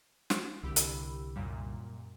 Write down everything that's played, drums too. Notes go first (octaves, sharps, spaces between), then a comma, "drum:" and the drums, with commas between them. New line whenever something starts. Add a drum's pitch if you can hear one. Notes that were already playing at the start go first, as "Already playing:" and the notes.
drum: snare
C2 D3 G4 B5 E6
drum: hi-hat
F#2 A#2 G3